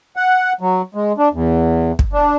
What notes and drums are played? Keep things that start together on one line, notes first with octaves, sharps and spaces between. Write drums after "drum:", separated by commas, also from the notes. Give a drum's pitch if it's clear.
F#5
F#3
G#3
D4
E2
drum: kick
D4